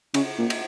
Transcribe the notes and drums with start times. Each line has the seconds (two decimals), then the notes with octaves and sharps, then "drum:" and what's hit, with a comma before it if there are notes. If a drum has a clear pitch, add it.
0.14 C#3, drum: cymbal
0.38 A#2
0.50 drum: cymbal